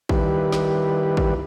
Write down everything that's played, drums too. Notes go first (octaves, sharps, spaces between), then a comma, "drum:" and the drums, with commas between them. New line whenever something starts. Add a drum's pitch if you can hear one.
D#3 G3 E4 G4 B4, drum: kick
drum: snare
drum: kick